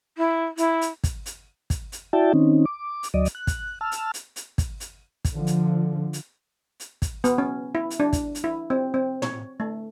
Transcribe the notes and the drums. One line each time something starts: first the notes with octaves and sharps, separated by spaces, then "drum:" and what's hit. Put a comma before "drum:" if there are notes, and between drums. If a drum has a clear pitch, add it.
E4
E4, drum: hi-hat
drum: hi-hat
drum: kick, hi-hat
drum: hi-hat
drum: kick, hi-hat
drum: hi-hat
E4 F#4 D5 E5 G5 A5
D#3 C4 C#4 D#4
D6
drum: hi-hat
D2 F#3 D5 D#5
drum: hi-hat
F#6
drum: kick, hi-hat
A5 E6 F6
drum: hi-hat
drum: hi-hat
drum: hi-hat
drum: kick, hi-hat
drum: hi-hat
drum: kick, hi-hat
D3 F3
drum: hi-hat
drum: hi-hat
drum: hi-hat
drum: kick, hi-hat
B3, drum: hi-hat
C#4
E4
drum: hi-hat
D4
drum: kick, hi-hat
drum: hi-hat
E4
C4
C4
C#5, drum: tom
A3